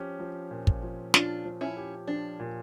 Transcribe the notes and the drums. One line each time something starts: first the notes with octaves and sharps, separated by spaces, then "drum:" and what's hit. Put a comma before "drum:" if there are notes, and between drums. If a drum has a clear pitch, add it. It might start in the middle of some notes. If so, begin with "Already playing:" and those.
Already playing: F3 C#4 G4
F3
A#2
drum: kick
F3
F3 D4 F4, drum: snare
F3
C#4 E4
G4
F3 D4
A#2